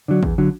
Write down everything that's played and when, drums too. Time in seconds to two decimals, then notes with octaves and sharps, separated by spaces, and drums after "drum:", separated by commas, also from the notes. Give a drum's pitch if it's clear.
0.08 D3 F#3
0.23 E2, drum: kick A1
0.38 D3 F#3